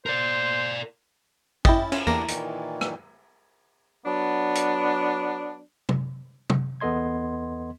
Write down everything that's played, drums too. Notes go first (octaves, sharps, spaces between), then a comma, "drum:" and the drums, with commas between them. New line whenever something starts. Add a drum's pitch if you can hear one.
A#4 C5 D5
C#4 E4 G4 A4 D#5 G5 A6, drum: kick
B2 C#4 F4, drum: cymbal
E2 A3 A#3 D4 G4 A#4 A#6
A#2 D#3 E3, drum: hi-hat
drum: rim click
F#3 B3 D4
drum: hi-hat
drum: tom C3
drum: tom C3
E2 B3 A4 D#5 C6 G#6